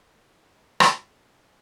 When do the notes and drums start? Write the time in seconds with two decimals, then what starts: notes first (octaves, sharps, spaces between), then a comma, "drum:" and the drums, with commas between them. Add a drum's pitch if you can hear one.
0.02 D#5 G5 F#6 G6
0.80 drum: rim click